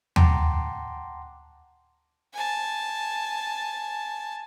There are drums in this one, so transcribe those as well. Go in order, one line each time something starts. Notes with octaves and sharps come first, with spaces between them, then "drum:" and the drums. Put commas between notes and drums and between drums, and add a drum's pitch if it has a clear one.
F#5 G5 A5 A#5 C6 D6, drum: tom
G#5 A5